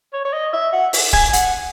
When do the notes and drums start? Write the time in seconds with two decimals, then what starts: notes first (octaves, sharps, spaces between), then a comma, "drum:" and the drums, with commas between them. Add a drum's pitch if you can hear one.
0.13 C#5
0.25 C#5
0.33 D#5
0.53 E5
0.73 F#5
0.93 drum: open hi-hat
1.13 G#5, drum: kick
1.33 F#5, drum: hi-hat